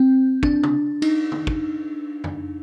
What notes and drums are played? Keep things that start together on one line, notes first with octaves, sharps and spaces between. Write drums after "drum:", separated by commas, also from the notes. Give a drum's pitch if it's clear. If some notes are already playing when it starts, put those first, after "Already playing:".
Already playing: C4
D4, drum: kick
drum: tom
D#4, drum: cymbal
drum: tom
drum: kick
drum: tom F2